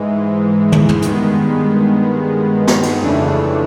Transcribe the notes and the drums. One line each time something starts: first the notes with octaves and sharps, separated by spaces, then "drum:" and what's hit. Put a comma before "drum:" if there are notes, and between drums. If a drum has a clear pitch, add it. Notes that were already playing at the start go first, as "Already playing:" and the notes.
Already playing: G#2 E3 G#3
drum: tom
drum: tom
G2 D#3 G#3 B3, drum: hi-hat
drum: snare
drum: cymbal
F2 C#3 E3 A3 D4